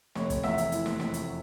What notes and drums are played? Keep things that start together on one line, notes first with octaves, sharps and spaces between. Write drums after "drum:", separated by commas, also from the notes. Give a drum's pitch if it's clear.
F1 C#5, drum: snare
drum: kick, hi-hat
E2 E5, drum: snare
drum: hi-hat
E3, drum: hi-hat
drum: snare
F1, drum: snare
drum: hi-hat